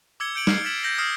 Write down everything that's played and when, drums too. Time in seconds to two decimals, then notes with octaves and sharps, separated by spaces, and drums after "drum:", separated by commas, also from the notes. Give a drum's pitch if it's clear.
0.20 D6 E6 G#6 C#7 G7
0.35 G6 C#7 D7 F#7
0.47 F6 C7, drum: snare
0.64 F6 G#6 A6 B6 E7 F#7
0.83 G6 A#6 F#7
0.98 D#6 F6 A#6 C7 C#7 E7